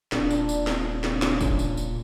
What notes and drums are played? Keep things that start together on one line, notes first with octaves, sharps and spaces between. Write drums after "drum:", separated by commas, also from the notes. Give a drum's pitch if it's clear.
D#1 A#2 D4, drum: snare
drum: tambourine
drum: tambourine
drum: snare
C#3 D4
drum: snare
drum: snare
drum: kick G1, tambourine
drum: tambourine
drum: tambourine